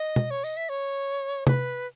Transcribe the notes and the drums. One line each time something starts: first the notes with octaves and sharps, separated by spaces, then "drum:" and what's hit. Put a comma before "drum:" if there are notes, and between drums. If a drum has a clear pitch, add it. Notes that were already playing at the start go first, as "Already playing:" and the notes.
Already playing: D#5
drum: tom B2
C#5
D#5, drum: tambourine
E5
C#5
B4, drum: tom C3